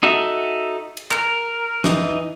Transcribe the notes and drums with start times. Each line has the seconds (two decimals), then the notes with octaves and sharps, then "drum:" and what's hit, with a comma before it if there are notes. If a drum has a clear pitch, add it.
0.03 D#4 F#4 A4 E5
0.97 drum: cymbal
1.11 A#4, drum: clap
1.84 E3 D#4, drum: snare